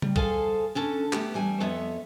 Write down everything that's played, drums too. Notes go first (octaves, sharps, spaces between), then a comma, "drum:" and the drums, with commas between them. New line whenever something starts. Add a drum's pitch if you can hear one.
G3, drum: tom C#3
G#4 A4 C5 F5 G#5, drum: kick B1
D3 C#4 A4
A3 B3 G4, drum: clap
E2 G3 G#5
F2 B3 A4 C#5 E5 F#5